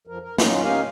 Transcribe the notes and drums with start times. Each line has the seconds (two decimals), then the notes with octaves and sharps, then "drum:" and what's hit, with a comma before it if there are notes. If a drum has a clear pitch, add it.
0.07 F2 F3 A#4
0.22 A#4
0.38 F#3 C#4 D#4 F4, drum: snare
0.63 C#4 D#4 G4 A#4 F5 G#5